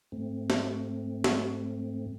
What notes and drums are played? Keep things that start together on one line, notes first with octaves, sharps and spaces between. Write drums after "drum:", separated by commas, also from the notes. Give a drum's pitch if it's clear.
G#2 A3 C4
drum: snare
drum: snare